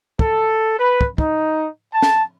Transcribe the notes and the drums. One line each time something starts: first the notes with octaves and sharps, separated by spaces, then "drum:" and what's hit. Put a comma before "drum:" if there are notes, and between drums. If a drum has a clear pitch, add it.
A4, drum: kick
B4
drum: kick
D#4, drum: kick
A5
drum: snare